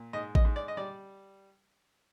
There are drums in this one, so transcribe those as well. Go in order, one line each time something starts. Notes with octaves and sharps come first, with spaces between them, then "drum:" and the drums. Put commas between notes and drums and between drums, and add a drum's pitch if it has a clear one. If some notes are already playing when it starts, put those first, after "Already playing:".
Already playing: A#2
G#2 D#5
D#5, drum: kick A1
G#2
D5
D#5
G3 D5